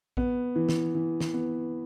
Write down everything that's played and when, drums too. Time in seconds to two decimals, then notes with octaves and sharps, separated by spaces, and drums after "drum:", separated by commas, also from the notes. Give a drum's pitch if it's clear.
0.17 B3, drum: kick A#1
0.55 E3
0.69 drum: snare
0.95 E3
1.20 drum: snare
1.33 B3